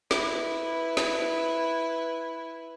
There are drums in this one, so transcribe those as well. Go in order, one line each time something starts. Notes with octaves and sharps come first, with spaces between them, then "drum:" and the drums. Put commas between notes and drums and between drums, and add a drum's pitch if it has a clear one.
E4 B4, drum: snare
drum: snare